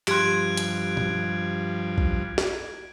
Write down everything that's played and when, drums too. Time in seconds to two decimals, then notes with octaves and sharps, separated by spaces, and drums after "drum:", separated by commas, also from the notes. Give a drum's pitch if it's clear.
0.07 G2 F3 G4 C6 F#6 G#6 D7, drum: clap
0.57 drum: hi-hat
0.97 drum: tom A#2
1.98 drum: kick A#1
2.38 drum: snare